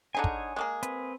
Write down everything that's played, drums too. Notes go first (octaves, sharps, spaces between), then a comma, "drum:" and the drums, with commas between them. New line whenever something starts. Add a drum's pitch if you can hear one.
D3 D#4 G#4 C#5 G#5
drum: kick
G#3 A#3 G#4
C4 B4, drum: hi-hat